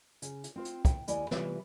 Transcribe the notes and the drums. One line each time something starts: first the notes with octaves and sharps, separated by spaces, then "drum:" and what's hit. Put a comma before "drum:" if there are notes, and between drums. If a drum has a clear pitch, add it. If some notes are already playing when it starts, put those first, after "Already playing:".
C#3, drum: hi-hat
drum: hi-hat
C4 F4 C5
drum: hi-hat
G5, drum: kick, hi-hat
D#2 E4 D5 D#5 G#5, drum: hi-hat
C3 E3 G3 B3 F4 B4, drum: snare